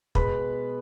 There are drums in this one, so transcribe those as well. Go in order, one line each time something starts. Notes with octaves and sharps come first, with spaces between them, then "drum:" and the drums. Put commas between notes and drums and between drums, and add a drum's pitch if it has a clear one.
B2 G#3 B3 B4 B5, drum: kick